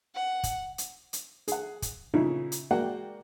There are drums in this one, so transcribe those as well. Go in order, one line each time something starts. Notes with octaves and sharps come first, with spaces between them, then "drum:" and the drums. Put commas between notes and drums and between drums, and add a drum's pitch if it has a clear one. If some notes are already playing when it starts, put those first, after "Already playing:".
F#5
drum: kick, hi-hat
drum: hi-hat
drum: hi-hat
G#4 F#5, drum: hi-hat
drum: kick, hi-hat
A#2 C#3 D#4 E4
drum: hi-hat
G#3 A#3 F#4 D5 F#5 G5